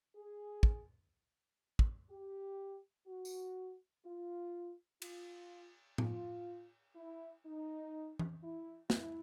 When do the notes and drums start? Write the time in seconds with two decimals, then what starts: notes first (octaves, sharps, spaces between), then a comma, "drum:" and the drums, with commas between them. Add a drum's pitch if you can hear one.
0.15 G#4
0.63 drum: kick
1.79 drum: kick
2.10 G4
3.07 F#4
3.25 drum: tambourine
4.04 F4
5.02 F4, drum: cymbal
5.98 F4, drum: tom A2
6.96 E4
7.44 D#4
8.19 drum: tom E3
8.42 E4
8.90 E4, drum: snare